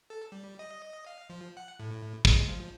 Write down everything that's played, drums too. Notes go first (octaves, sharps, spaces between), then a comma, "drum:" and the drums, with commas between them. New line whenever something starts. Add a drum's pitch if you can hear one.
A4
G3
D#5
F5
F3
F#5
A2
G#3, drum: kick
F3